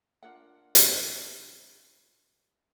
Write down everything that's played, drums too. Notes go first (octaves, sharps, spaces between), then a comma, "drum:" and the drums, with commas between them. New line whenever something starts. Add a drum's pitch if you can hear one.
D4 F4 A#4 F#5
drum: hi-hat